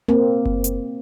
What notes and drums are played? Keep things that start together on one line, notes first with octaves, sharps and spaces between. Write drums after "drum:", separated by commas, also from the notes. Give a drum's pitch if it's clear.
A#3 C4
drum: kick F#1
drum: hi-hat